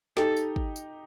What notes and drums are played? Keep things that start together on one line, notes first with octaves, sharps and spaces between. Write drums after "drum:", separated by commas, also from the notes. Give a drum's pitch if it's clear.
D#4 G4 A4, drum: snare
drum: tambourine
drum: kick
drum: tambourine